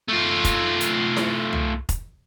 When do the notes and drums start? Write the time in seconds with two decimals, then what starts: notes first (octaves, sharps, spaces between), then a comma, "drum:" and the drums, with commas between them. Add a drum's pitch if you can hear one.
0.08 A3 F4
0.45 drum: kick F1, hi-hat
0.81 drum: hi-hat
1.17 drum: snare E4
1.53 drum: tom C2
1.89 drum: kick F1, hi-hat